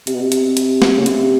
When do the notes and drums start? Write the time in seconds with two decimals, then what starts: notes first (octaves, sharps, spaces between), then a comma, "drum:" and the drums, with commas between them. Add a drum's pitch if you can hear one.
0.07 C3, drum: hi-hat
0.14 B2
0.22 C3
0.32 drum: hi-hat
0.57 drum: hi-hat
0.82 drum: snare
0.97 C#3
1.06 C3, drum: hi-hat